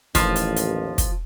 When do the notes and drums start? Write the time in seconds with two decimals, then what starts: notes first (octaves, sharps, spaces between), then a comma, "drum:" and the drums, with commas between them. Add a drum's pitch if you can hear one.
0.15 A1 D#2 F3, drum: kick, hi-hat
0.36 drum: hi-hat
0.56 drum: hi-hat
0.98 drum: kick, hi-hat